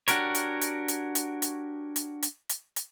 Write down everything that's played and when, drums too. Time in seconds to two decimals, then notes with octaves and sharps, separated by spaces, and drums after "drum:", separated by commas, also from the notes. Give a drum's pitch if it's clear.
0.08 D4 F#4 G4 A#4 C#5, drum: hi-hat
0.35 drum: hi-hat
0.61 drum: hi-hat
0.88 drum: hi-hat
1.15 drum: hi-hat
1.42 drum: hi-hat
1.96 drum: hi-hat
2.23 drum: hi-hat
2.49 drum: hi-hat
2.76 drum: hi-hat